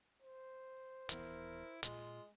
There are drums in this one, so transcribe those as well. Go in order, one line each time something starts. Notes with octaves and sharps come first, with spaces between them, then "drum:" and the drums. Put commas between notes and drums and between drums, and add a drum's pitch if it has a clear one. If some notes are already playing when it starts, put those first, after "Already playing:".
C5
D#1 E3 B3 E4 A#4, drum: hi-hat
A#2 G#3 F4, drum: hi-hat